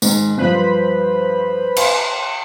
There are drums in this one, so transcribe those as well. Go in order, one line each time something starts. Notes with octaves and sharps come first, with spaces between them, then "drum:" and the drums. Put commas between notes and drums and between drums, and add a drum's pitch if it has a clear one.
G#2 D#3, drum: tambourine
G2 F3 B4 C5 B5
F5 C6, drum: cymbal